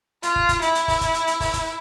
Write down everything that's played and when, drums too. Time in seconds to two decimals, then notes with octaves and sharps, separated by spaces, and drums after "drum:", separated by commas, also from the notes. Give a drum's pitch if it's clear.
0.23 F4, drum: hi-hat
0.36 drum: kick
0.49 drum: kick, hi-hat
0.62 E4, drum: hi-hat
0.75 drum: hi-hat
0.88 drum: kick, open hi-hat
1.01 drum: kick, hi-hat
1.14 drum: hi-hat
1.27 drum: hi-hat
1.40 drum: kick, open hi-hat
1.54 drum: kick, hi-hat